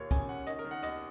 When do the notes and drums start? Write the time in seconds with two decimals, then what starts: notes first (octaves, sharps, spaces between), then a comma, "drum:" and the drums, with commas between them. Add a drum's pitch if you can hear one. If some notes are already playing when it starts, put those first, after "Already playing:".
Already playing: D#2 A#2 A#3 C#5
0.11 C#3 G#5, drum: kick, hi-hat
0.29 C#4 F#5
0.47 D#3 D#5, drum: hi-hat
0.59 A#4
0.65 D#3
0.71 F#5
0.83 D#2 D#5, drum: hi-hat